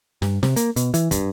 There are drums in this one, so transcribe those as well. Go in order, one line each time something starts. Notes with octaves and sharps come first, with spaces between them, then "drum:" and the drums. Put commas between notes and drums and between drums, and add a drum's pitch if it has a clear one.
G2, drum: snare
C3, drum: snare
A#3, drum: hi-hat
B2, drum: hi-hat
E3, drum: hi-hat
G2, drum: kick, hi-hat